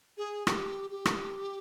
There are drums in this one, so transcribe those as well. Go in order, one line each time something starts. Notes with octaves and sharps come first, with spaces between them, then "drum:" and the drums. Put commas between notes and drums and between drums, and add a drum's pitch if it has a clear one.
G#4
G4, drum: rim click
G4
drum: rim click